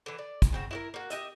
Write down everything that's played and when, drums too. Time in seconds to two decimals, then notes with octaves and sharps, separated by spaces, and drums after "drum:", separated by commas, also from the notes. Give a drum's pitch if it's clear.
0.06 D3 E3
0.19 D5
0.42 drum: kick, hi-hat
0.52 C#3 C4 F#4
0.71 E4 F#4 A#4
0.94 A#3 F#4
1.10 G4 D#5 E5, drum: hi-hat